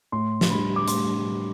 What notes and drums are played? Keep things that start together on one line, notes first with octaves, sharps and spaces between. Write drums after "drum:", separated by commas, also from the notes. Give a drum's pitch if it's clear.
A2 C6
drum: snare
G3 D4 B5
D6
A2 C6, drum: hi-hat